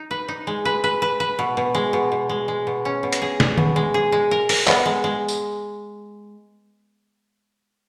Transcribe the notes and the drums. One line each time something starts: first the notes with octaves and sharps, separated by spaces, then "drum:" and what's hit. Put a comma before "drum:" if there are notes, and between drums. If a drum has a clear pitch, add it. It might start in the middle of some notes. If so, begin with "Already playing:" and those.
Already playing: D#4
B4
D#4
G#3
B4
B4
B4
B4
B2
B2
G#3
B2
B2
G#3
G#3
B2
C#4
B2
drum: hi-hat
G#4
G#4, drum: snare
B2, drum: tom D#3
G#3
G#4
G#3
A#4
A#4, drum: open hi-hat
B3, drum: clap
G#3
G#3
drum: tambourine